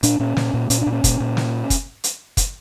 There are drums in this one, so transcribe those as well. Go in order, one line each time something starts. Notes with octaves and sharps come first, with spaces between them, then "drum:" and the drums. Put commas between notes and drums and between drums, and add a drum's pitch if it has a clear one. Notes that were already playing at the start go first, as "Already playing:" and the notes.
A#2 D4, drum: hi-hat
A#2 C#4
A#2, drum: snare
A#2
A#2 C#4, drum: hi-hat
D4
A#2
C#4
A#2, drum: kick, hi-hat
A#2
drum: snare
drum: kick, hi-hat
drum: hi-hat
drum: kick, hi-hat